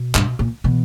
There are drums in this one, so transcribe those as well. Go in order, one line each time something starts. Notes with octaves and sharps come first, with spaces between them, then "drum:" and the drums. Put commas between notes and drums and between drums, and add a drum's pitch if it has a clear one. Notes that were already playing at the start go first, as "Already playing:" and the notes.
Already playing: B2
G2, drum: clap
A#2
B2 E3